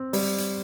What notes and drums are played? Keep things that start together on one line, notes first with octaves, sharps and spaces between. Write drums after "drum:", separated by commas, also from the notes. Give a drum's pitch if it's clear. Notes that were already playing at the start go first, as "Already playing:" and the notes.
Already playing: C4
G3, drum: open hi-hat
drum: hi-hat